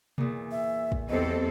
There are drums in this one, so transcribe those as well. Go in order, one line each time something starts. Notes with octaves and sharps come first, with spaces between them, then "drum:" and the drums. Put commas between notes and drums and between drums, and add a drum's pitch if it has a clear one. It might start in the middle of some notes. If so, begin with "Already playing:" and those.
E2 A#2, drum: tom B2
E5
drum: kick
E2 F#3 C4 G4 A4 D#5